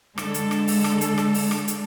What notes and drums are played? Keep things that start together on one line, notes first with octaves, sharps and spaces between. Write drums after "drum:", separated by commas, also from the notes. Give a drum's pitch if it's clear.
D3 G#3 A4, drum: rim click
drum: hi-hat
drum: rim click
drum: open hi-hat
drum: rim click
drum: hi-hat
drum: rim click
drum: open hi-hat
drum: rim click
drum: hi-hat